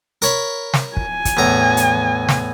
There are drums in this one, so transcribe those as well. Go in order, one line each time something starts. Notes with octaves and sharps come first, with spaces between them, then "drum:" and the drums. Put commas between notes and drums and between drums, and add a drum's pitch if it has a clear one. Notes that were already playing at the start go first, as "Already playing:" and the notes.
A#4 C#5 B5, drum: hi-hat
drum: snare
G#5, drum: kick
drum: kick, hi-hat
E2 A2 A#5
drum: hi-hat
drum: snare